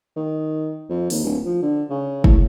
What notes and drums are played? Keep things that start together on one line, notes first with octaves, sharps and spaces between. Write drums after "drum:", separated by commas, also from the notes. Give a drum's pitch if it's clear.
D#3
F2
D#2, drum: open hi-hat
D1
F3
D3
C#3
A2, drum: kick